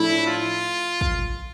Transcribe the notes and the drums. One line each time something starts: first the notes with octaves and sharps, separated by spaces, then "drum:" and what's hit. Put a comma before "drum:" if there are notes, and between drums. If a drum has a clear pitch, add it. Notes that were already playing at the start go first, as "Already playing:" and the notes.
Already playing: A2 F3 A3 D4 E4
F4
drum: kick